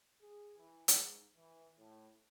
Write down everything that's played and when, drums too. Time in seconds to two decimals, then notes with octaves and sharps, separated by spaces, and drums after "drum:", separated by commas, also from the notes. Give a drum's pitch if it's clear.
0.21 G#4
0.58 E3
0.88 G#2, drum: hi-hat
1.36 E3
1.78 A2